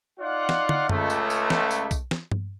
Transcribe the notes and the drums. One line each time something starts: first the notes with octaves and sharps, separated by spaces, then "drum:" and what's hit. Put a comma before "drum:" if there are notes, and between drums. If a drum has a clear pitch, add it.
D#4 F4 D5 F5 F#5
drum: snare
drum: tom
C#2 A3, drum: tom F#2
drum: tambourine
drum: tambourine
drum: snare
drum: tambourine
drum: kick B1, tambourine
drum: snare
drum: tom G2